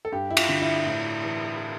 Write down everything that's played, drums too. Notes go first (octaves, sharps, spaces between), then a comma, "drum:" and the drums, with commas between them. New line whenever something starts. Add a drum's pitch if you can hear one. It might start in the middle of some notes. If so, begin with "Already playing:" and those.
A4
G2 G4
E4
F4, drum: cymbal
D3
E4
A2
E3